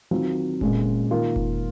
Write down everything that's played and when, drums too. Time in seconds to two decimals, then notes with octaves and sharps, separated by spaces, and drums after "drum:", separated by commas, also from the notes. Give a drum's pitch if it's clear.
0.11 D#3 F#3 C4 F4
0.61 A#2 G#3 C#4, drum: kick F1
1.11 D#3 A#3 F4
1.36 drum: kick F1